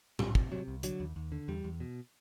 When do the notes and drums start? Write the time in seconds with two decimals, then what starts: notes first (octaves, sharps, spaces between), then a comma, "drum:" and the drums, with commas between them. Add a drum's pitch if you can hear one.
0.19 C2 G3, drum: tom A2
0.35 C3, drum: kick
0.52 C3 F#3
0.68 C2
0.83 D3 F#3, drum: hi-hat
1.00 D#2
1.16 D#2
1.32 D3
1.48 E2 G3
1.64 E2
1.80 B2